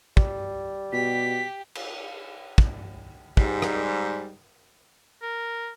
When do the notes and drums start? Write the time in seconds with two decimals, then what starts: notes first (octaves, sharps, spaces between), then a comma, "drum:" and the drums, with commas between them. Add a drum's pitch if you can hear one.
0.17 G3, drum: kick
0.93 B2 G4 B6
1.75 drum: cymbal
2.58 drum: kick
3.37 G#2 G3, drum: kick
3.62 drum: rim click
5.22 A#4